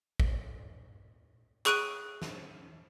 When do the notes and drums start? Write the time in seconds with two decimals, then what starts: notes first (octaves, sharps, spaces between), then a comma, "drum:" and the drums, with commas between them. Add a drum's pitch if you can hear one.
0.20 drum: kick
1.66 G#4 C#6 F#6 D7 D#7, drum: clap
2.22 drum: snare